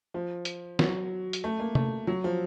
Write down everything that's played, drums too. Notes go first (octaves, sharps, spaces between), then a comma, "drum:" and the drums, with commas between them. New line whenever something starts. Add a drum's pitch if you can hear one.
F3
drum: hi-hat
F#3, drum: snare
drum: hi-hat
A3
A#3
A3, drum: tom
F#3
F3